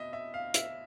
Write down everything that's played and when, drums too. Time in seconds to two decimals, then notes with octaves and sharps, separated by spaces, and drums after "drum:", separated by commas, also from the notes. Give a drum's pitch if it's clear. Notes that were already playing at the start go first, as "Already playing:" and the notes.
Already playing: B2 D#5 E5
0.13 E5
0.34 F5
0.54 E5, drum: hi-hat